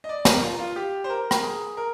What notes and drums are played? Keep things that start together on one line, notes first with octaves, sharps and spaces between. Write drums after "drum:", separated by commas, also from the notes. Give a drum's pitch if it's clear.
D#5
D5
A#4, drum: snare
F4
F4
G4
C5
A#4
drum: rim click
G#4
A#4